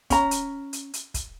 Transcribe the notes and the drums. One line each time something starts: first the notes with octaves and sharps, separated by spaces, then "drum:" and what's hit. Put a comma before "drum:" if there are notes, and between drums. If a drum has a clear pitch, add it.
C#4 A#5, drum: kick, hi-hat
drum: hi-hat
drum: hi-hat
drum: hi-hat
drum: kick, hi-hat